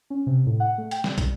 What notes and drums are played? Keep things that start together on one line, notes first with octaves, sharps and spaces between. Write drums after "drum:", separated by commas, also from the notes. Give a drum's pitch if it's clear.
C#4
C3
A2
F#5
A3
G5, drum: hi-hat
G3, drum: snare
drum: kick, hi-hat